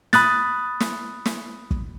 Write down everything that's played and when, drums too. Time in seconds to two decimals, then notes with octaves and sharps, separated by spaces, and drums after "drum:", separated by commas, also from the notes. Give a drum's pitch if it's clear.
0.13 B5 D#6 F#6 A6, drum: snare
0.80 drum: snare
1.26 drum: snare
1.71 drum: kick